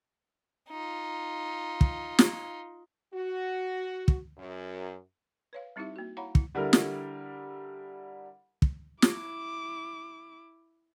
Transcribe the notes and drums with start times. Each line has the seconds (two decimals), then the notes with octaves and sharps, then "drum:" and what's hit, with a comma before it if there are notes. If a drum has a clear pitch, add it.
0.69 D#4 F4
1.81 drum: kick
2.19 drum: snare
3.14 F#4
4.08 drum: kick
4.37 F#2
5.53 B4 C#5 F5
5.76 G3 C4 D#4 E4 G4 E5
5.96 A#3 F#4
6.17 E4 C#5 F5 F#5 A#5 B5
6.35 E4, drum: kick
6.55 D3 G3 E4 A#4
6.73 drum: snare
8.62 drum: kick
9.02 E4 D6, drum: snare